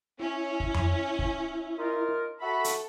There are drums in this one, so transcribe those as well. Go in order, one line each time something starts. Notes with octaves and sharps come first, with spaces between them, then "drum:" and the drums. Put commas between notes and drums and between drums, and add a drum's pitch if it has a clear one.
C#4 E4
drum: kick
drum: tom F2
drum: kick
D#4 F4 A#4
F#4 A4 E5 B5
drum: hi-hat